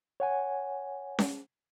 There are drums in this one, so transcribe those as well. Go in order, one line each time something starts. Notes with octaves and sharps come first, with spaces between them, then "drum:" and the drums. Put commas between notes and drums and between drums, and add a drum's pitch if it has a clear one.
C#5 F#5 G#5
drum: snare C#4